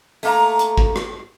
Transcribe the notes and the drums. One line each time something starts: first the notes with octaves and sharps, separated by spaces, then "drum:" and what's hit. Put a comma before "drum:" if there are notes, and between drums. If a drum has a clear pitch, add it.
A3 A#3 A#5, drum: open hi-hat
drum: hi-hat
drum: kick
drum: rim click